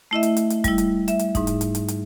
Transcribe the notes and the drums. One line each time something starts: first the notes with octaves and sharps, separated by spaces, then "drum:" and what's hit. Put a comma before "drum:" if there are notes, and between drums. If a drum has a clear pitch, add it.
A3 E4 D#5 E5
drum: hi-hat
drum: hi-hat
drum: hi-hat
G3 E4, drum: kick, hi-hat
drum: hi-hat
E5, drum: hi-hat
drum: hi-hat
G#2 D#4, drum: kick, hi-hat
drum: hi-hat
drum: hi-hat
drum: hi-hat
drum: hi-hat